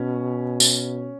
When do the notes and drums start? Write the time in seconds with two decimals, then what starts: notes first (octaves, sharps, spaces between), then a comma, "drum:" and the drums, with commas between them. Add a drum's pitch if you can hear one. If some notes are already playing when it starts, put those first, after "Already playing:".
Already playing: B2 C#4
0.60 drum: tambourine